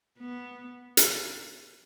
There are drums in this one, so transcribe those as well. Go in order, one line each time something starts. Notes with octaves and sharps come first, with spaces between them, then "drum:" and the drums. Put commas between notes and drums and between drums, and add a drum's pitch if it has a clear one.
B3
drum: hi-hat